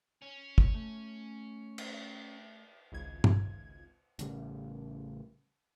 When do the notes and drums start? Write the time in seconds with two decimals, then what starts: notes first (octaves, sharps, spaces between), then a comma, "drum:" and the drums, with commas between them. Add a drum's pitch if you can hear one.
0.22 C#4
0.58 drum: kick
0.74 A3
1.78 drum: cymbal
2.92 G#1 C#2 G#6
3.24 drum: tom G2
4.19 A1 C#3 G3, drum: hi-hat